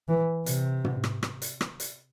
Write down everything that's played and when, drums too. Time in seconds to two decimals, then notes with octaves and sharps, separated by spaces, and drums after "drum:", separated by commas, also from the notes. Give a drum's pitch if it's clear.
0.08 E3
0.46 C3, drum: hi-hat
0.85 drum: tom
1.04 drum: rim click
1.23 drum: rim click
1.42 drum: hi-hat
1.61 drum: rim click
1.80 drum: hi-hat